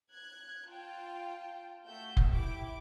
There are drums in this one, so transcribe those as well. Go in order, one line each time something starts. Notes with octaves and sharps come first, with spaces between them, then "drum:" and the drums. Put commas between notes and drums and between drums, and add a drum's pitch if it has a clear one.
F#6 G#6
F4 G5 A5
A3 F#4 E6 G6
drum: kick F1
E4 G4 E5 G5 D6